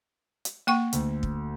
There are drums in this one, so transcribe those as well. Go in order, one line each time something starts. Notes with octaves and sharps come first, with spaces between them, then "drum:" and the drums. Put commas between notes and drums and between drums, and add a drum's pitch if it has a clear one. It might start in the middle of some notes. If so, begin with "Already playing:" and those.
drum: hi-hat
A#3 G5 C#6
D2, drum: hi-hat
drum: kick